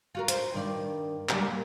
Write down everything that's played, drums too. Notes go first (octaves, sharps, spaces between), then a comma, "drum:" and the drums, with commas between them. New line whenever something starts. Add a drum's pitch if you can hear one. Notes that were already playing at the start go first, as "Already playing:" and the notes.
F4 F#4 A#4
C5, drum: hi-hat
G2 D#3 D5
C#3 G3, drum: clap
A#3